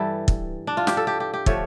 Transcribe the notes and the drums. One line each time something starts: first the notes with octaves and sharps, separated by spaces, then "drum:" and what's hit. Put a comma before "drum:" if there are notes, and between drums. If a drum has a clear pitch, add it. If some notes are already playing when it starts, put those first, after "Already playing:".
Already playing: G2 E3 G3 A4
drum: kick
D4
F4
G4, drum: snare
A4
G4
G4
G4
D3 F3 A3 C#5, drum: kick